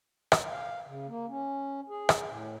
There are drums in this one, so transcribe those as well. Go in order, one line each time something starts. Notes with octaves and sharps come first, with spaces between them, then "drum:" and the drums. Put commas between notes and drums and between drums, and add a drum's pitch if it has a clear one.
drum: rim click
F5
C#3
A#3
C#4
G#4
drum: rim click
A2